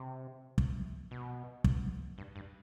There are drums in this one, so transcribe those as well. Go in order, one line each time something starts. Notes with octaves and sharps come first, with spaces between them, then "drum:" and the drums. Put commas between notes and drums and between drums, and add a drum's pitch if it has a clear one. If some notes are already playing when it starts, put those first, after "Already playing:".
Already playing: C3
drum: kick
B2
drum: kick
G2
G2